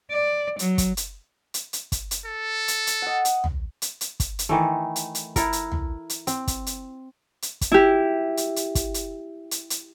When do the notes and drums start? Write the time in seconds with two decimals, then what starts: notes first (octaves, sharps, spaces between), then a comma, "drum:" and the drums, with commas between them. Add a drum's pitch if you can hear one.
0.11 D5
0.59 F#3, drum: hi-hat
0.78 drum: kick, hi-hat
0.97 drum: hi-hat
1.54 drum: hi-hat
1.73 drum: hi-hat
1.92 drum: kick, hi-hat
2.11 drum: hi-hat
2.25 A4
2.68 drum: hi-hat
2.87 drum: hi-hat
3.02 D#5 F#5
3.25 drum: hi-hat
3.44 drum: tom
3.82 drum: hi-hat
4.01 drum: hi-hat
4.20 drum: kick, hi-hat
4.39 drum: hi-hat
4.49 D#3 E3 A3
4.96 drum: hi-hat
5.15 drum: hi-hat
5.36 E4 A4 A#4, drum: kick, hi-hat
5.53 drum: hi-hat
5.72 drum: tom
6.10 drum: hi-hat
6.27 C4, drum: hi-hat
6.48 drum: kick, hi-hat
6.66 drum: hi-hat
7.42 drum: hi-hat
7.61 drum: kick, hi-hat
7.72 E4 G4
8.37 drum: hi-hat
8.56 drum: hi-hat
8.75 drum: kick, hi-hat
8.94 drum: hi-hat
9.51 drum: hi-hat
9.70 drum: hi-hat